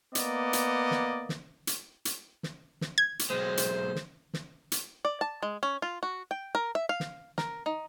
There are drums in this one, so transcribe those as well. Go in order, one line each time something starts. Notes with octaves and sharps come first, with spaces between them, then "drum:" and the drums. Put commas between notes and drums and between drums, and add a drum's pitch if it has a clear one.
A#3 B3 D5 D#5, drum: hi-hat
drum: hi-hat
drum: snare
drum: snare
drum: hi-hat
drum: hi-hat
drum: snare
drum: snare
G#6
drum: hi-hat
B1 G#3 C5
drum: hi-hat
drum: snare
drum: snare
drum: hi-hat
D5
A5
G#3
C#4
F4
F#4
G5
A#4
E5
F5
drum: snare
A#4, drum: snare
D#4